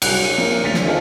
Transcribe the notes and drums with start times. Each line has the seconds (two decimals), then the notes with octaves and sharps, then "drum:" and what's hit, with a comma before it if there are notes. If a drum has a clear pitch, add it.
0.02 C2 F#3 F#5 F#6 F7, drum: cymbal
0.24 D#7
0.37 F3 A#3 A#4
0.63 D2 D3 A6 B6 D#7 F7
0.74 drum: snare
0.85 C4 D#4 F4 G#4 A4 F5